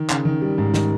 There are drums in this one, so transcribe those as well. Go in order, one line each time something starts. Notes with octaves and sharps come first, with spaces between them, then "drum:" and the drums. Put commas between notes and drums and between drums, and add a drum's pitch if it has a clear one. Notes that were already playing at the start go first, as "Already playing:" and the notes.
Already playing: D#3
C#3, drum: clap
D#3
G3
G#2
D#3, drum: snare